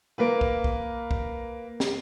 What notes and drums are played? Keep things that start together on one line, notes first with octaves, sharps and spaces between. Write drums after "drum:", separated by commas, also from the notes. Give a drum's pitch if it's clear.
A#3 A#4 B4
drum: kick
drum: kick
drum: kick
drum: snare